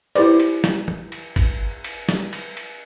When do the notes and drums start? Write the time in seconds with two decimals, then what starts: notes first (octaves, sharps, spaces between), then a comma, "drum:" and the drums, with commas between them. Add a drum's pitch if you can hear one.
0.15 E4 G4 B4 C5 D5, drum: cymbal
0.40 drum: cymbal
0.64 drum: snare
0.88 drum: tom
1.12 drum: cymbal
1.36 drum: kick, cymbal
1.84 drum: cymbal
2.09 drum: snare
2.33 drum: cymbal
2.57 drum: cymbal